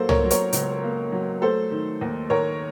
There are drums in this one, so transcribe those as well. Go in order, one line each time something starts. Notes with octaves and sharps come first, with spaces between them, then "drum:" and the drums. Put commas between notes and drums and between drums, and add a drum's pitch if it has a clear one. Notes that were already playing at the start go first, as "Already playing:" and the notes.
Already playing: F#3 A#3 A4 C5
A#4 C#5, drum: tom
F#3
A#4 C#5, drum: hi-hat
C#2, drum: hi-hat
A#3
F#3
A3 A4 C5
D#3
D#2
D#2 A#4 C#5